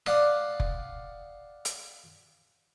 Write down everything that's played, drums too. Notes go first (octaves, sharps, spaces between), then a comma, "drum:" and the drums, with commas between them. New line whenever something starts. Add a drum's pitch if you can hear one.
D5 F5 F#5 D#6, drum: rim click
drum: kick F1
drum: hi-hat